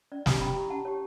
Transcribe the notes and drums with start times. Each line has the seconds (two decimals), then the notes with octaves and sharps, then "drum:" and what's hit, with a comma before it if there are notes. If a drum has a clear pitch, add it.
0.12 C#4 D5
0.26 E4 G4, drum: snare
0.41 C#4 G5 B5
0.56 E4 G4
0.70 C#4 F#5 A5
0.85 G4 C#5